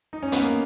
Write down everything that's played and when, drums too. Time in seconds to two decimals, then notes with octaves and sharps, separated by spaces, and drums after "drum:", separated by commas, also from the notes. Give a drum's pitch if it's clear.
0.13 D#4
0.23 C#4
0.32 B3, drum: hi-hat
0.41 A#3